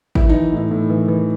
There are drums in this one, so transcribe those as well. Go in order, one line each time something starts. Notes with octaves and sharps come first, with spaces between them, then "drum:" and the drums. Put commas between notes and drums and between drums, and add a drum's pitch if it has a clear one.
E3 E4, drum: kick G#1
E3 D#4
A2 D#4
A2
E3
E3